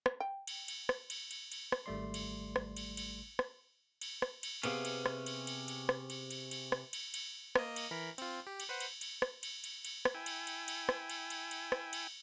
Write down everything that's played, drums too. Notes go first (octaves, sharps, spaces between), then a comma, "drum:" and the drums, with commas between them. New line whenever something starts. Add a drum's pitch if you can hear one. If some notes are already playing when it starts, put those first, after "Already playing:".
drum: rim click
G5
drum: cymbal
drum: cymbal
drum: rim click
drum: cymbal
drum: cymbal
drum: cymbal
drum: rim click
G#1 G3 A3 D5 C6
drum: cymbal
drum: rim click
drum: cymbal
drum: cymbal
drum: rim click
drum: cymbal
drum: rim click
drum: cymbal
C3 B3 C#4 G#4 F5, drum: cymbal
drum: cymbal
drum: rim click
drum: cymbal
drum: cymbal
drum: cymbal
drum: rim click
drum: cymbal
drum: cymbal
drum: cymbal
drum: rim click
drum: cymbal
drum: cymbal
A#3 D#5, drum: rim click
drum: cymbal
E3 A#4 B5
C4 F4, drum: cymbal
G4
drum: cymbal
B4 C5 F#5
drum: cymbal
drum: cymbal
drum: rim click
drum: cymbal
drum: cymbal
drum: cymbal
drum: rim click
E4 G5 G#5
drum: cymbal
drum: cymbal
drum: cymbal
drum: rim click
drum: cymbal
drum: cymbal
drum: cymbal
drum: rim click
drum: cymbal